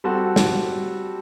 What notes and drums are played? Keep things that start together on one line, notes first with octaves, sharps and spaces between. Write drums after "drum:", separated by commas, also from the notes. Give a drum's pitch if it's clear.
G3 C4 F#4 A4
drum: snare